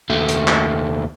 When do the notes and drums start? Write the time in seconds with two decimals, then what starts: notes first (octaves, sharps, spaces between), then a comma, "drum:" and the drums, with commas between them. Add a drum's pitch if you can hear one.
0.10 D#2 A3
0.29 drum: hi-hat
0.48 drum: clap